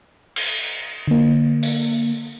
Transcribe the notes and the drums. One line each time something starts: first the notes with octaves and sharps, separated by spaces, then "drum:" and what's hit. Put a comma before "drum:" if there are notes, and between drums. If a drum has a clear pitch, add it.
drum: cymbal
D3 A#3
drum: open hi-hat